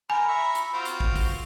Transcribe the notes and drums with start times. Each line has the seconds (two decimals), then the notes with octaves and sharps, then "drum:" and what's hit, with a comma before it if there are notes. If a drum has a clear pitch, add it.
0.10 A#4 G#5 B5
0.28 E5 A#5 C#6
0.55 drum: hi-hat
0.74 C4 F4 F#4
0.85 drum: hi-hat
1.00 drum: kick
1.16 drum: kick, open hi-hat